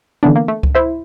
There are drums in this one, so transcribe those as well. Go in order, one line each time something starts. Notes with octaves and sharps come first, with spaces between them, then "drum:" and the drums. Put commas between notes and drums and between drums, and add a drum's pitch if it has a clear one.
D3 E3 B3 D4
A#3
A3
drum: kick C#2
E4 C5 E5